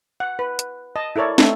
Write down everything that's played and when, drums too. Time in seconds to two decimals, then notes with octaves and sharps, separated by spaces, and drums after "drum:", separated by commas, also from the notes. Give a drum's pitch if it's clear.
0.20 F#5
0.39 B4
0.59 drum: hi-hat
0.96 D#5 A5
1.16 E4 A4 A#4 C#5 D5
1.38 A3 C4 D#4 A4, drum: snare